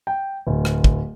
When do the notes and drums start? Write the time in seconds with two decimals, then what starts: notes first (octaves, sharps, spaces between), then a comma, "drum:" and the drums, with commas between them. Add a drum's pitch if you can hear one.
0.07 G5
0.47 D1
0.65 drum: rim click
0.84 drum: kick